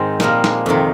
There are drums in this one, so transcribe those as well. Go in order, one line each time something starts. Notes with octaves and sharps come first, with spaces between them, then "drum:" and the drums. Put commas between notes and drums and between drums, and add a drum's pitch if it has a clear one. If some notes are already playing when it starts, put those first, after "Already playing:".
Already playing: G#2 D#3 G#3 C4
A#2 F3 G3 A#3, drum: snare
G#3, drum: snare
F2 C3 D#3